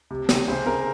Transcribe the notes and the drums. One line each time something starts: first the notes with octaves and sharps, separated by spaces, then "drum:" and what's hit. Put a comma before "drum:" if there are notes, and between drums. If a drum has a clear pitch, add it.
C3
C3, drum: snare
C#3 C5
C#3 A#4